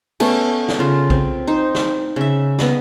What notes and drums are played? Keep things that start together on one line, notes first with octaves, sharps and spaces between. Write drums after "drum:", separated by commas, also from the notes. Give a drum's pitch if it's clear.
A3 B3 C#4, drum: cymbal
drum: snare
C#3 F4
C4, drum: kick
D#4 C5
drum: snare
C#3 E5
B3 D#5 B5, drum: snare